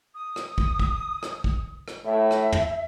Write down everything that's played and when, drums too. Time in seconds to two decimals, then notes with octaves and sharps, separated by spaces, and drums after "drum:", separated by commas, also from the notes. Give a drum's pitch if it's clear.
0.15 D#6
0.36 drum: rim click
0.58 drum: kick
0.79 drum: kick
1.23 drum: rim click
1.44 drum: kick
1.88 drum: rim click
2.05 A2 E5
2.31 drum: rim click
2.52 drum: tom